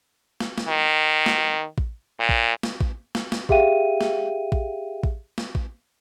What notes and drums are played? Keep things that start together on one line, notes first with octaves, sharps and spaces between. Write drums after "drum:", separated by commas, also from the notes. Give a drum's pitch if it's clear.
drum: snare
drum: snare
D#3
drum: snare
drum: kick A1
A#2
drum: kick A1
drum: snare
drum: kick A1
drum: snare
drum: snare
G4 G#4 E5 F5 G5 D#7, drum: kick A1
drum: snare
drum: kick A1
drum: kick A1
drum: snare
drum: kick A1